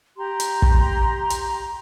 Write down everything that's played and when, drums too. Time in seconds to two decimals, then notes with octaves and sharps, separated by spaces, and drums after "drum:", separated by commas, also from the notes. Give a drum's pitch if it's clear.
0.17 G4 A#5 C6
0.40 drum: hi-hat
0.62 drum: kick
1.30 drum: hi-hat